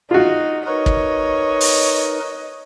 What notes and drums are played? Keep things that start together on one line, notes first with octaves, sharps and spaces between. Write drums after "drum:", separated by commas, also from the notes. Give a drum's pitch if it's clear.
D#4 F4 F#4
D#4 A#4 B4 C#5 D#5
drum: kick
drum: open hi-hat